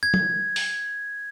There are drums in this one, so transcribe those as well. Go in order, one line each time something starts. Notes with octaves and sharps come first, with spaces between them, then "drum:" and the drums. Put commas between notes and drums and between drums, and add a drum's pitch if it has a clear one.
G#6
drum: tom
drum: open hi-hat